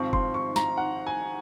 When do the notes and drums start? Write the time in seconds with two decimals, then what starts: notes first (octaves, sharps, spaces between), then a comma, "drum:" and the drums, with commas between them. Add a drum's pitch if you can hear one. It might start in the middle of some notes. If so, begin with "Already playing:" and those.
Already playing: G#1 G#2 F3 C4 C#6
0.13 C6, drum: kick
0.34 C#6
0.56 A#5, drum: snare
0.77 F#5
1.07 G#5